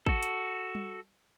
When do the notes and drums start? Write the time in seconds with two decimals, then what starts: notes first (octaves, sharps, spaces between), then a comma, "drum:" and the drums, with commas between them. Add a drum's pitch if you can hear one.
0.06 F#4 A4, drum: kick
0.23 drum: hi-hat
0.75 drum: tom G3